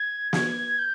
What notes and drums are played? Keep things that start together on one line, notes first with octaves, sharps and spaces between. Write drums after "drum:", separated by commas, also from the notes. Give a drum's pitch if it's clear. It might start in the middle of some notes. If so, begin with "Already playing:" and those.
Already playing: G#6
G#6, drum: snare
G6